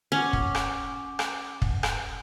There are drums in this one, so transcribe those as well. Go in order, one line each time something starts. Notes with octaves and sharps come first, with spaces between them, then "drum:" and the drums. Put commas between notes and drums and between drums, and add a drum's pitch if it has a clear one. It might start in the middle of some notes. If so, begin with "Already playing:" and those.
C#4 F#5 D6
drum: kick
drum: rim click
drum: rim click
drum: kick
drum: rim click